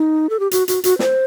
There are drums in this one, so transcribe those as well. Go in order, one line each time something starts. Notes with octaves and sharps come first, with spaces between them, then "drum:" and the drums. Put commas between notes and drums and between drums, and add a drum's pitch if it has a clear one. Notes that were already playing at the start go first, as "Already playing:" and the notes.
Already playing: D#4
A4
G4
F#4, drum: hi-hat
F#4, drum: hi-hat
F#4, drum: hi-hat
C5, drum: snare